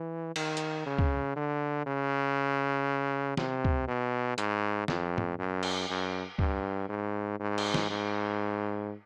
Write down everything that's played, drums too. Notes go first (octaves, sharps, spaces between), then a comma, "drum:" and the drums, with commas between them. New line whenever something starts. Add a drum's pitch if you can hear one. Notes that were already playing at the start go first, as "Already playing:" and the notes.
Already playing: E3
D#3, drum: cymbal
drum: hi-hat
C#3
drum: kick
D3
C#3
C3, drum: snare
drum: kick
B2
G#2, drum: hi-hat
F2, drum: snare
drum: tom
F#2
drum: cymbal
F#2
G2, drum: kick
G#2
G#2
drum: cymbal
drum: snare
G#2